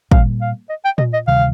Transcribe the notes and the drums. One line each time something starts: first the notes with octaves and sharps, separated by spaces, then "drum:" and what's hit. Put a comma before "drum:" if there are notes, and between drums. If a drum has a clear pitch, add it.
A#2 G3 A#3 F5, drum: kick
F5
D#5
G5
D#5, drum: tom A#2
D#5
D2 C3 D#3 G3 F5